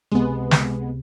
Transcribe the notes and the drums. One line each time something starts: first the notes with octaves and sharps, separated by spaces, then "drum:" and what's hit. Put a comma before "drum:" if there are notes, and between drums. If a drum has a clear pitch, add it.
C#2 C3 G#3 B3
drum: snare